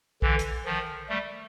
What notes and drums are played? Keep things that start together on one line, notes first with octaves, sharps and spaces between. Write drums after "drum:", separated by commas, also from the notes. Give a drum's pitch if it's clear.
D3 E3, drum: kick
drum: hi-hat
D#3 F3
G3 A3